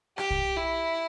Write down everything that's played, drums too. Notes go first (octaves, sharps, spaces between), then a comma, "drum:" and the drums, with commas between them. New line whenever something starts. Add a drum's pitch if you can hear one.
G4, drum: rim click
drum: kick
E4